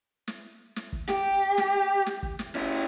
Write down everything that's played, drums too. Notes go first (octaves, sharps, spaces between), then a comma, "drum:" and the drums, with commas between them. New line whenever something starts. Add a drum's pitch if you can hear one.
drum: snare
drum: snare
drum: kick
G4, drum: snare
drum: snare
drum: snare
drum: kick
drum: snare
C#4 E4